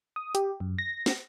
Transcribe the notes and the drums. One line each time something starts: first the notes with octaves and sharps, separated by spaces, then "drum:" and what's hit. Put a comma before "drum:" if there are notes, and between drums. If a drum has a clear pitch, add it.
D#6
G4, drum: hi-hat
F#2
A#6
drum: snare